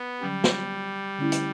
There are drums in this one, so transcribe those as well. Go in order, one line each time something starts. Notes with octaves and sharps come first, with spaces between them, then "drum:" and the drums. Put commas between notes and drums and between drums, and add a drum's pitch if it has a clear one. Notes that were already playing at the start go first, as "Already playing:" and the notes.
Already playing: B3
D3 F#3 G3 C#4
drum: snare
D3 A3 C#4 E4
drum: hi-hat